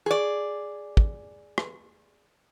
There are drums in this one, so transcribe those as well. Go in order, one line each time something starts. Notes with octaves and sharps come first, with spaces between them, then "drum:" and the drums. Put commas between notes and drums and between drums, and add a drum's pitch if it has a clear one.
G#4 D5
drum: kick
drum: rim click